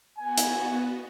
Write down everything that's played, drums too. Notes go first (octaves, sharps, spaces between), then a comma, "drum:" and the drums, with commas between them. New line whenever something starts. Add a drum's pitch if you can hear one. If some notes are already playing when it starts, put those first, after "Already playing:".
B3 F#4 G#5
drum: hi-hat